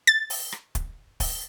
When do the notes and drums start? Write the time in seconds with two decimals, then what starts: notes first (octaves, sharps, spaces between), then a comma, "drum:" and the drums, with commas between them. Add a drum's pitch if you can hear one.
0.07 A6
0.30 drum: open hi-hat
0.52 drum: rim click
0.75 drum: kick, hi-hat
1.20 drum: kick, open hi-hat